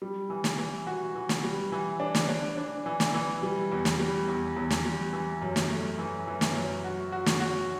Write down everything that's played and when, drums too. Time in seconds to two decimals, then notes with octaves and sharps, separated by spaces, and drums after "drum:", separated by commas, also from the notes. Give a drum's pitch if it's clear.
0.02 G3
0.30 E3
0.44 drum: snare
0.58 E3
0.87 F#4
1.15 E3
1.29 drum: snare
1.43 G3
1.72 E3
2.00 D4
2.15 drum: snare
2.29 D4
2.57 D4
2.86 E3
3.00 drum: snare
3.14 E3
3.43 G3
3.71 E2
3.85 drum: snare
3.99 G3
4.28 E2
4.56 E2
4.70 drum: snare
4.85 G3
5.13 E3
5.42 F#2
5.56 drum: snare
5.70 A3
5.98 E3
6.27 E3
6.41 drum: snare
6.55 F#2
6.84 F#4
7.12 F#4
7.26 drum: snare
7.40 F#4